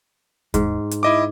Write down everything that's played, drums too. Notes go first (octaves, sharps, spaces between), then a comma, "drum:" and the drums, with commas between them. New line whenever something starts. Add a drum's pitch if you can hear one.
G#2, drum: kick D#2, hi-hat
drum: hi-hat
E4 D#5 D6